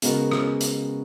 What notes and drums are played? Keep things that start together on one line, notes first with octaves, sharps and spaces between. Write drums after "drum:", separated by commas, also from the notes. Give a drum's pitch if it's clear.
C#3 G#3 B3 F#4 A#4, drum: hi-hat
drum: rim click
drum: hi-hat